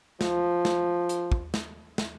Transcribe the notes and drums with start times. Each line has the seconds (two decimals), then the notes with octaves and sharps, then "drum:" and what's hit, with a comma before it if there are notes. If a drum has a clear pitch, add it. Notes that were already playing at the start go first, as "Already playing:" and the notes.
0.21 F3, drum: snare
0.65 drum: snare
1.09 drum: hi-hat
1.32 drum: kick
1.54 drum: snare
1.98 drum: snare